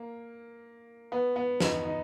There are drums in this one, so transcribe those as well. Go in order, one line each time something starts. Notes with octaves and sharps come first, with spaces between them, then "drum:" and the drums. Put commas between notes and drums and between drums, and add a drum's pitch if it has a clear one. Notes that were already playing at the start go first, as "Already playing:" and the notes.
Already playing: A#3
B3
B3
D#4, drum: snare
D#4